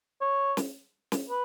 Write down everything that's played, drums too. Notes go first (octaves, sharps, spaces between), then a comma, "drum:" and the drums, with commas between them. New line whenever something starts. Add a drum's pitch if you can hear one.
C#5
drum: snare
drum: snare
B4